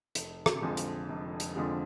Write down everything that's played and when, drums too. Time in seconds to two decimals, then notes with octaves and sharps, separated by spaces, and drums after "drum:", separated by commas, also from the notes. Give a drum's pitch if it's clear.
0.15 F1, drum: hi-hat
0.46 drum: rim click
0.62 F2 D3 F3 G#3
0.77 drum: hi-hat
1.09 F1
1.40 drum: hi-hat
1.55 F2 D3 F3 G#3